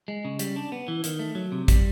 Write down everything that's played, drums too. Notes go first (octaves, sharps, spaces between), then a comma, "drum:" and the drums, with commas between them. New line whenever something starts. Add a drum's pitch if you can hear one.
G#3
C#3
G3, drum: hi-hat
D4
B3
E3
D#3, drum: hi-hat
A3
F#3
C3
G3, drum: kick, hi-hat